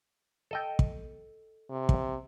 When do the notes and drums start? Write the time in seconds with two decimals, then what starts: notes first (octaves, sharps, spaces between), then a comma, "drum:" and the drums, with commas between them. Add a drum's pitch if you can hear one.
0.51 A4 D#5 G5
0.79 drum: kick
1.70 C3
1.89 drum: kick